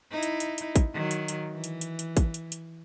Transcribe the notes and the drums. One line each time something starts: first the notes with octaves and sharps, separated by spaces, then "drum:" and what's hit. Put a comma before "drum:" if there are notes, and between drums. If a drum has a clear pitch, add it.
D#4 E4
drum: hi-hat
drum: hi-hat
drum: hi-hat
drum: kick, hi-hat
D#3 F#3
drum: hi-hat
drum: hi-hat
E3
drum: hi-hat
drum: hi-hat
drum: hi-hat
drum: kick, hi-hat
drum: hi-hat
drum: hi-hat